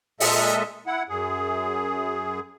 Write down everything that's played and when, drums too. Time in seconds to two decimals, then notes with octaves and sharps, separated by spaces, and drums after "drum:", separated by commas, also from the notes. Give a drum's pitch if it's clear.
0.20 A#2 G#3 A4 D#5 E5, drum: open hi-hat
0.87 E4 F#5
1.09 F#2 G#4